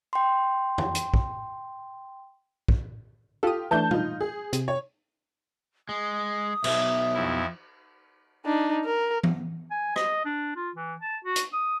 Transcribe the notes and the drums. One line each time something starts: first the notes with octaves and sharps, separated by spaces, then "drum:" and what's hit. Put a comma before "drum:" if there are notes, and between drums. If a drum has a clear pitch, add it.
G5 C6
drum: tom
drum: hi-hat
drum: kick
drum: kick
F4 G4 A4 D#6
E3 A3 D4 A5 G6
D#4 F4, drum: tom
G#4
C3, drum: hi-hat
C#5
G#3 D#6
B1 B2 E5, drum: cymbal
F2 E4
D4 D#4
A#4
drum: tom E3
G#5
D#5, drum: rim click
D4
F4
E3
A5
F#4
drum: hi-hat
D#6